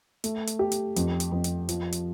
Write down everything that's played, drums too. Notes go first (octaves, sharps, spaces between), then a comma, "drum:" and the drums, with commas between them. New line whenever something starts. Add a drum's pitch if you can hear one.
A3, drum: hi-hat
drum: hi-hat
G4
drum: hi-hat
F2, drum: hi-hat
drum: hi-hat
F2
drum: hi-hat
F3, drum: hi-hat
drum: hi-hat